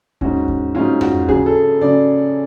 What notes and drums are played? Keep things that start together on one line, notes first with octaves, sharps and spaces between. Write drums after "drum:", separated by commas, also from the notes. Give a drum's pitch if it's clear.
G#2 F#3 C#4 F#4, drum: kick D#2
drum: kick D#2
G#2 F#3 C#4 F4
F#4, drum: tom F2
F#2 C#3 F#3 G#4, drum: kick D#2
A4
F#2 C#3 F#3 D5